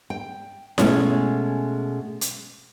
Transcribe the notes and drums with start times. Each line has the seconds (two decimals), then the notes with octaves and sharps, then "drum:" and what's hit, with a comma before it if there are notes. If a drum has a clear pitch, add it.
0.10 G5
0.78 B2 G#3 A3 C#4, drum: snare E4
2.21 drum: hi-hat